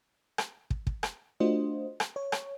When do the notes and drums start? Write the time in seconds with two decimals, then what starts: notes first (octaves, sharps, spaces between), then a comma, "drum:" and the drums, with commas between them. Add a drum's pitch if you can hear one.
0.38 drum: rim click
0.71 drum: kick
0.87 drum: kick
1.03 drum: rim click
1.40 A3 D4 F4 F#4 C5 D#5
2.00 drum: rim click
2.16 C#5
2.32 drum: rim click